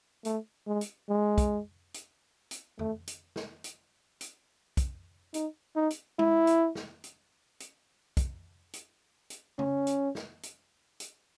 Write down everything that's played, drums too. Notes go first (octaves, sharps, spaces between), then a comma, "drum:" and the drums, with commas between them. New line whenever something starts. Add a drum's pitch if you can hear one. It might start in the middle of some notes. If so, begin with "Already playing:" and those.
A3, drum: hi-hat
G#3
drum: hi-hat
G#3
drum: kick, hi-hat
drum: hi-hat
drum: hi-hat
A3, drum: tom E2
drum: hi-hat
drum: snare
drum: hi-hat
drum: hi-hat
drum: kick, hi-hat
D#4, drum: hi-hat
D#4
drum: hi-hat
E4, drum: tom G#3
drum: hi-hat
drum: snare
drum: hi-hat
drum: hi-hat
drum: kick, hi-hat
drum: hi-hat
drum: hi-hat
C#4, drum: tom C#3
drum: hi-hat
drum: snare
drum: hi-hat
drum: hi-hat